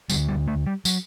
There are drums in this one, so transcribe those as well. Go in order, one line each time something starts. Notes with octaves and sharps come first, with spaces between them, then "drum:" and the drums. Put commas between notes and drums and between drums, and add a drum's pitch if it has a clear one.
D2 D3 G3, drum: tambourine
G3
A3
G3
F#3, drum: tambourine